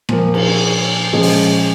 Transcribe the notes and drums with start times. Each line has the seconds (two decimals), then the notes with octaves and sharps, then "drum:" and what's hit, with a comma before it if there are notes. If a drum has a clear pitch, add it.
0.09 A#2 F3 A#3, drum: rim click
0.34 drum: cymbal
1.12 A#2 F3 G#3 C#4
1.23 drum: open hi-hat